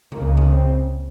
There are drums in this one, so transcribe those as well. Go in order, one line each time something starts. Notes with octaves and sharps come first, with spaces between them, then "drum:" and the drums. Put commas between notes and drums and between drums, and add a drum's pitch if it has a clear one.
C#2 C#3 A#3, drum: tom C3
drum: tom C3
C4